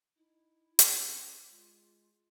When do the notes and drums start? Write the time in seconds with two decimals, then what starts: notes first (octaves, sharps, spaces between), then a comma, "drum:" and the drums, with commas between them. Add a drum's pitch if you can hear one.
0.17 D#4 E4
0.79 C4, drum: hi-hat
1.20 D6
1.51 G#3 F4